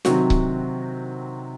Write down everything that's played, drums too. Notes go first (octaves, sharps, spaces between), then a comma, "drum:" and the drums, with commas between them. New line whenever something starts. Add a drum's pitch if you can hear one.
C3 D#3 F#3 C4 F#4, drum: snare
drum: kick C#1